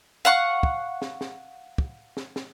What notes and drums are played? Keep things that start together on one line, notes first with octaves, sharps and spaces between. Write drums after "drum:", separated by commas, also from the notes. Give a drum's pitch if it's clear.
F5 F#5 C#6
drum: kick
drum: snare
drum: snare
drum: kick
drum: snare
drum: snare